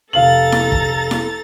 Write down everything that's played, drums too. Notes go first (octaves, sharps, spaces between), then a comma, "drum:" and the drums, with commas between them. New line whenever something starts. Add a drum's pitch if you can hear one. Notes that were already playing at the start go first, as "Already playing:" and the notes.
F1 A4 F5 A#5 A6 F#7
drum: snare E4
drum: kick
drum: snare E4